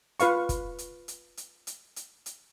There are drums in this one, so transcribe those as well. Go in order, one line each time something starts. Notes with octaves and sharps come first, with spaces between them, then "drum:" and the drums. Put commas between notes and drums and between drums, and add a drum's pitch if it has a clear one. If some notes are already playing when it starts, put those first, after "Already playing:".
F4 B4 F5 C#6, drum: hi-hat
drum: kick, hi-hat
drum: hi-hat
drum: hi-hat
drum: hi-hat
drum: hi-hat
drum: hi-hat
drum: hi-hat